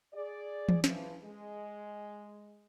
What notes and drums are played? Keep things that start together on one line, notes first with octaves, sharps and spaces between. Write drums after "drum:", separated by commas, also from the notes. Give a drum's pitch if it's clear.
G#4 D5
drum: tom E3
E3 F3, drum: snare
G#3